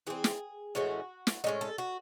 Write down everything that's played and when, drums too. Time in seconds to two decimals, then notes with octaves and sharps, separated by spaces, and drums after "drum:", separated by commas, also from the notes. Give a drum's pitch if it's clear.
0.07 E3 C4 G#4
0.24 drum: snare
0.75 A2 E3 G#3 C#4 F#4
1.27 drum: snare
1.44 A2 G#3 C#4 D#4
1.61 A4
1.78 F#4